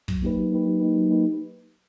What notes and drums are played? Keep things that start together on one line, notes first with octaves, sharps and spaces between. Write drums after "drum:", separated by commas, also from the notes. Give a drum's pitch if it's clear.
F#3, drum: kick
A#3 D#4 G4 B4
F#3
A#3 D#4 G4 B4
F#3
A#3 D#4 G4 B4
F#3
A#3 D#4 G4 B4